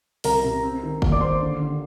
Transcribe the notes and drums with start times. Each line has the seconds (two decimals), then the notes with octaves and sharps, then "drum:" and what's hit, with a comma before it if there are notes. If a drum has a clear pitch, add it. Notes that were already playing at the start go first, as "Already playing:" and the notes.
0.24 C2 A#4 A#5, drum: open hi-hat
0.44 C3
0.63 C4
0.83 D#3
1.02 D#2, drum: kick
1.12 D5 D6
1.21 D#2 C5 C6
1.41 D3
1.60 D3